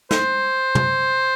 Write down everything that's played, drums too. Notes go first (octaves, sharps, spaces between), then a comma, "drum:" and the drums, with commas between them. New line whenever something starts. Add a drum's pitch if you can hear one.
C5, drum: snare
drum: tom